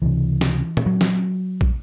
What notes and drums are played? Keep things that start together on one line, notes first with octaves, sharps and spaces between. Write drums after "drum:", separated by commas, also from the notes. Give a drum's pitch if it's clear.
C#2 C3 E3
drum: snare
drum: tom A#2
F#3
drum: snare
drum: kick